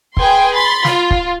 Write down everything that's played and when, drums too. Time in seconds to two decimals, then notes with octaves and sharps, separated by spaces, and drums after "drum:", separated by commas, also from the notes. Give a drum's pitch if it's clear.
0.17 G#4 B4 G5 G#5 C6, drum: kick
0.54 B5 C6 A6
0.85 F4, drum: snare
1.11 drum: kick